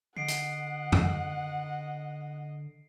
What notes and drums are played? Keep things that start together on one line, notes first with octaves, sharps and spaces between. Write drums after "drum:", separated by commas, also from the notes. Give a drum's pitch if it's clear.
D3 D#5 F#5 C7 D7
drum: hi-hat
drum: tom E2